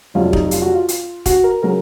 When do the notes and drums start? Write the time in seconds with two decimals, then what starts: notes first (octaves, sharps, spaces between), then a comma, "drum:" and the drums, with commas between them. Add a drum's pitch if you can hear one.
0.14 F1 F2 C3 F#3 F4
0.33 D#4, drum: kick E1
0.51 F4, drum: hi-hat
0.62 F#4
0.74 F4
0.88 drum: hi-hat
1.26 F#4, drum: kick E1, hi-hat
1.44 A#4
1.63 C#3 F#3 A#4